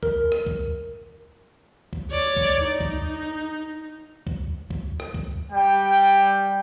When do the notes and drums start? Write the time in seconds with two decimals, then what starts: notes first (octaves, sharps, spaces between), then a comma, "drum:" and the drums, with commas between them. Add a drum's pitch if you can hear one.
0.03 A#4, drum: kick
0.32 drum: rim click
0.46 drum: kick
1.93 drum: kick
2.11 C#5 D5
2.37 drum: kick
2.62 D#4
2.80 drum: kick
4.27 drum: kick
4.70 drum: kick
5.00 drum: rim click
5.14 drum: kick
5.52 G3 G5